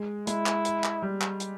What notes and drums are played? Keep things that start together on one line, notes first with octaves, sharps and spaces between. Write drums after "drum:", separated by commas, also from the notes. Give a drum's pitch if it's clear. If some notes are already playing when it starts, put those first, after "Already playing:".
Already playing: G#3
G#3 E4, drum: hi-hat
drum: clap
drum: hi-hat
drum: clap
G3
drum: clap
drum: hi-hat